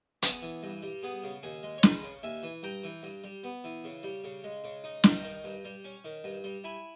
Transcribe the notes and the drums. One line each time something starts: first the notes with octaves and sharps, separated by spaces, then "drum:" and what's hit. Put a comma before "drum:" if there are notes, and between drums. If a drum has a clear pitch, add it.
B3 G#4, drum: hi-hat
E3
G2
G3
B3 G#4
C#3
D#2 G#4
G#3
C#5
G#3 G#4 B4, drum: snare
C#3
D#2 E5 G#5
E3
G2 G5 A#5
E3
G2
G3
B3
E3
C#3
G3
C#3
G#3
C#3
D#4
G2 G5 A#5, drum: snare
D#3
G2
G3
C#4
D#3
G2
G3
E4 G#5 B5